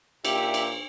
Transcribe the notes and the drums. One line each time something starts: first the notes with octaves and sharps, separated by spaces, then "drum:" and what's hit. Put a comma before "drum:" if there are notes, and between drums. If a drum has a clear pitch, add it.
A#2 G4 E5, drum: cymbal
drum: cymbal